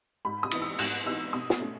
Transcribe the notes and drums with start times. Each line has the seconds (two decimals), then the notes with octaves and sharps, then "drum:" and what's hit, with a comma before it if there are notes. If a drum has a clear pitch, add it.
0.25 G#2 B5
0.43 D#6
0.51 E3 B3 D#4, drum: cymbal
0.62 E6
0.78 G#2 F#6, drum: cymbal
1.06 E3 B3 D#4 E6
1.33 B2 D#6
1.50 drum: snare
1.60 A3 C#4